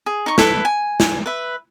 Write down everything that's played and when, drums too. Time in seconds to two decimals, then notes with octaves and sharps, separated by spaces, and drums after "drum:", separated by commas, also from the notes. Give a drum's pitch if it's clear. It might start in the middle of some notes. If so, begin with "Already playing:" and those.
0.06 G#4
0.26 D#4 C#6
0.38 E4 A4 B4, drum: snare
0.65 G#5
1.00 drum: snare
1.26 B4 E5